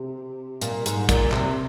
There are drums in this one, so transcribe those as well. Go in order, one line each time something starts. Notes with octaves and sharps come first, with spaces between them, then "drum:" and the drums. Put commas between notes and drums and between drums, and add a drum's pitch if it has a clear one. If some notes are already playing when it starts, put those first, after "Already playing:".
Already playing: C3
A#2, drum: hi-hat
G#2, drum: hi-hat
A#2, drum: kick, hi-hat
C3, drum: clap